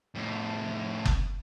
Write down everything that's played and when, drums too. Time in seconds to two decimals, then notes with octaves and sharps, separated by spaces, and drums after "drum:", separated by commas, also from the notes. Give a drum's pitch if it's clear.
0.15 F2 A2
1.05 drum: kick F#1